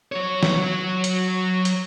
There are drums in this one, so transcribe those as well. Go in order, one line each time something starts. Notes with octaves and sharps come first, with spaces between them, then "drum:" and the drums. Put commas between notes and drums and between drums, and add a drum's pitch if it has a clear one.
F#3 C#5
drum: snare
drum: hi-hat
drum: hi-hat